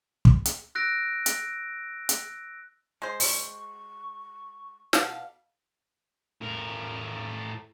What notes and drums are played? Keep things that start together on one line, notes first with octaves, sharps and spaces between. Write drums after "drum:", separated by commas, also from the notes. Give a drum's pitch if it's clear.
drum: kick
drum: hi-hat
E6 F#6 A#6 D7
drum: hi-hat
drum: hi-hat
G#3 C5
C#6, drum: open hi-hat
B2 A4 F5, drum: snare
A2 A#4